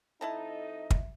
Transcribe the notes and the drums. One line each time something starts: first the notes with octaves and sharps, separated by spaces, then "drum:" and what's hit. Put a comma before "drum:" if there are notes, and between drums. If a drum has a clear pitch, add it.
F2 D#4 E4 A4 D#5 E5 A5 A#5
drum: kick